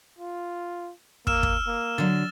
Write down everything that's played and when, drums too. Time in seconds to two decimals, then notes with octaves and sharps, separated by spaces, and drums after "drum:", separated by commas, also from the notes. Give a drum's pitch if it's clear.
0.19 F4
1.27 A#3 E6 F6 E7, drum: kick
1.43 drum: kick
1.67 A#3
1.98 D3 F#3 A6